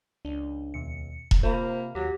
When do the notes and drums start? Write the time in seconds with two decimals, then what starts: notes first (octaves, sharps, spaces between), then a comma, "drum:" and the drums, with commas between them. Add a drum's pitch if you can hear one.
0.25 C#2 D4
0.74 D#2 B2 C#7
1.31 A2, drum: kick E1
1.43 C3 A#3 F4 C5 B5
1.95 D#2 F#3 G4